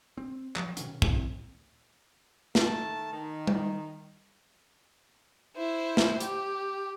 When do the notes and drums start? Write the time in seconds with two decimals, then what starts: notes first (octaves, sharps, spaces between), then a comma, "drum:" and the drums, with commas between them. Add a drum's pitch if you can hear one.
0.17 C4
0.56 F3 F#3, drum: clap
0.77 B2 D#3 C#4, drum: hi-hat
1.02 B1 F#2 E3 C4, drum: kick
2.55 D#3 A3 A5, drum: snare
3.11 D#3
3.47 drum: tom G3
5.56 E4 C5
5.97 drum: snare
6.20 G4, drum: hi-hat